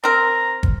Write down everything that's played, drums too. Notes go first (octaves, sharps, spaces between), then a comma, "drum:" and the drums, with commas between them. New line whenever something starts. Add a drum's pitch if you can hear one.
C4 A#4 A#5
drum: kick